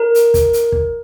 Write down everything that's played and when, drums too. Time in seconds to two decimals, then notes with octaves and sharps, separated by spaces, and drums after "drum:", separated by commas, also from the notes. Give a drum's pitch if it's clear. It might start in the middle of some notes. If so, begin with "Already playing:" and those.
Already playing: A#4
0.15 drum: hi-hat
0.34 drum: kick, hi-hat
0.53 drum: hi-hat
0.72 drum: kick